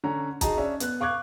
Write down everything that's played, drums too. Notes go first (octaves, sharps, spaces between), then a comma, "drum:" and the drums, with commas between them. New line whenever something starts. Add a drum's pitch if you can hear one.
D3 C#4 A#5
D#4 F#4 G#4 D#5 A5 A#5, drum: kick, hi-hat
C#4 D4 E5
B3 F#6, drum: hi-hat
F5 C#6 D6 F#6 G#6